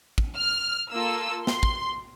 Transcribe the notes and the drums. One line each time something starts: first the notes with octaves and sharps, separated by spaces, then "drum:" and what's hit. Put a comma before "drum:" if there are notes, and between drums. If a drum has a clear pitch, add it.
drum: kick
F6
A#3 F4 A4 E6
C6, drum: snare
drum: kick